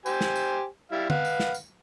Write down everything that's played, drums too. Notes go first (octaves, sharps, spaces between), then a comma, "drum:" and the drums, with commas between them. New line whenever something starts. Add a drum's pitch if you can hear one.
G4 C5 G#5, drum: tambourine
drum: snare
drum: tambourine
G3 E4 F5
B4 F5 F#5, drum: tom D3
drum: tambourine
drum: snare
drum: tambourine